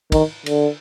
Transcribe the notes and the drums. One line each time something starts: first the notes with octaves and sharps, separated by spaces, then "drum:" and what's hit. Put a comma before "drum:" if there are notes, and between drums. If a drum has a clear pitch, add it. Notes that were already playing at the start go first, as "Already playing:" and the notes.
D#3, drum: kick, cymbal
D3, drum: cymbal